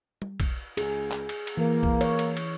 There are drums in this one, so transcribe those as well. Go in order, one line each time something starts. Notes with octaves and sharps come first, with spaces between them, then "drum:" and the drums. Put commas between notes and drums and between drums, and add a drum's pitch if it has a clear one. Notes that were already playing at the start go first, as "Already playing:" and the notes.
drum: tom G3
drum: kick B1, cymbal
C#2 G#4, drum: cymbal
drum: clap
drum: cymbal
drum: cymbal
E3 A#3
drum: kick B1
C#5, drum: cymbal
drum: cymbal
drum: cymbal